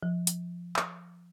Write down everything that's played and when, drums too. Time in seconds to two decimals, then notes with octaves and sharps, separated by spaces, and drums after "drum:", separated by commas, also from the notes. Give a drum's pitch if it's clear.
0.03 F3
0.27 drum: hi-hat
0.76 drum: clap